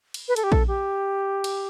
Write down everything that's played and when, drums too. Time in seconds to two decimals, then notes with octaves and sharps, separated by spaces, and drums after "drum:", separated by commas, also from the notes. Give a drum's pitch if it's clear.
0.14 drum: cymbal
0.28 B4
0.36 A4, drum: hi-hat
0.44 G4
0.52 A4, drum: kick A#1
0.68 G4
1.44 drum: cymbal